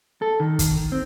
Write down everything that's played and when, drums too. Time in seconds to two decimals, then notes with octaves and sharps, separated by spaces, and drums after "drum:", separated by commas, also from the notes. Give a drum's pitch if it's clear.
0.22 A4
0.40 D#3
0.59 drum: kick, hi-hat
0.92 C4